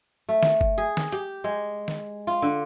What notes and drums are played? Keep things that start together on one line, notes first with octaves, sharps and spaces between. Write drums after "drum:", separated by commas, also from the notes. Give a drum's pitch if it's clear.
A3
drum: snare
drum: kick G1
G#4
drum: snare
G4, drum: hi-hat
G#3
drum: snare
F4
D3